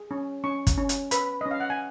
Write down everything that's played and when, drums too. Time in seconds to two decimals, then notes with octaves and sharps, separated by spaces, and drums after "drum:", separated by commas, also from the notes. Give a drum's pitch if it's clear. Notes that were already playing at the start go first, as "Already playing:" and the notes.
Already playing: G#4
0.11 C#4
0.44 C#4 C#6
0.67 drum: kick, hi-hat
0.78 C#4
0.89 drum: hi-hat
1.11 B4 B5, drum: hi-hat
1.41 D#5
1.46 C#4
1.51 F5
1.60 F#5
1.70 G#5